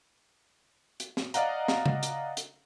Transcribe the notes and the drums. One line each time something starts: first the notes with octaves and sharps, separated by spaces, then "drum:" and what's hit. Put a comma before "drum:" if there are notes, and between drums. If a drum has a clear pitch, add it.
drum: hi-hat
drum: snare
D5 D#5 F5 F#5 A#5, drum: hi-hat
drum: snare
drum: tom C#3
drum: hi-hat
drum: hi-hat